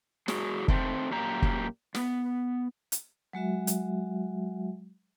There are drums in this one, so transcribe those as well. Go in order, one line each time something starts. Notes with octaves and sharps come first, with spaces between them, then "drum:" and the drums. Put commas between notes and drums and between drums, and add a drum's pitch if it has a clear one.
F#3 G#3 F#4 G#4, drum: snare
D#3 A3 C4, drum: kick
F#2 A#2 A#3 G4 A#5
drum: kick
B3, drum: snare
drum: hi-hat
F#3 G#3 F#4 E5
drum: hi-hat